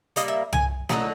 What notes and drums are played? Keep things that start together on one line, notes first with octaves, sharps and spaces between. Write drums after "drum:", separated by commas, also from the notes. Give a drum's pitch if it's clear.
A#2 G3 A#3 D#5, drum: hi-hat
E5
G#5, drum: tom C2
D3 F#3 B3 D#4 A#5, drum: snare